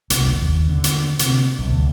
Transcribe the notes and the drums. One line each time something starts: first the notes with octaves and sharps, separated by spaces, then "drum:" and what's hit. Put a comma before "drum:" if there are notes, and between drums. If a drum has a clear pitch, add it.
C2, drum: hi-hat
G1
D#2
D3
drum: hi-hat
C3, drum: hi-hat
B1
D2